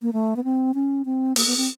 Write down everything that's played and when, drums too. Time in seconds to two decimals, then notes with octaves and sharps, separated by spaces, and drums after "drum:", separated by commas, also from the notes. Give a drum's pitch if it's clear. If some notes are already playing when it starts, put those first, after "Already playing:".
0.02 A#3
0.13 A3
0.36 B3
0.44 C4
0.74 C#4
1.05 C4
1.36 A#3, drum: open hi-hat
1.46 B3
1.57 C4